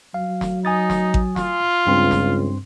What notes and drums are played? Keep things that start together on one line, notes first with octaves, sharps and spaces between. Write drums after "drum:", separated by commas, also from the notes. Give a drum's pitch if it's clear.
F#3 F5
drum: snare
D#4 G#5 D#6 A6
drum: snare
drum: kick A1
F4, drum: snare
C#2 G2 C4 C6
drum: snare